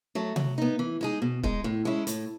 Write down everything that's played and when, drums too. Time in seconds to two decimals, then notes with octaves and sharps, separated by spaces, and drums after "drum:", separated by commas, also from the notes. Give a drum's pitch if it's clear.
0.15 F#3 A3
0.36 F#3, drum: tom C3
0.58 B3 D#4
0.79 E3
1.01 G#3 D#4 G#4
1.22 B2
1.43 G#3 D#4, drum: kick
1.64 A2
1.85 G#3 C#4 E4
2.07 A2, drum: hi-hat